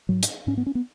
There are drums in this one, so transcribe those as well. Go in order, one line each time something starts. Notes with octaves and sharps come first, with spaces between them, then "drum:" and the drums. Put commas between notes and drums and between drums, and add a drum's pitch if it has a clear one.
G#2 F#3
drum: hi-hat
G#2 C#4
B3
C#4
B3